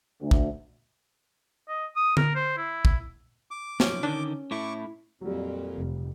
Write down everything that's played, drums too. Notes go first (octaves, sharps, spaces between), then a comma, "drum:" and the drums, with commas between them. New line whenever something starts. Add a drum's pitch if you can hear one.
D2
drum: kick
D#5
D#6
A#4, drum: tom D3
C5
E4
drum: kick
D6
B1 F3 C#4, drum: snare
D3 D#3 D4
A2 E4 C#6 D6
F2 A#2 F#3 G3
F1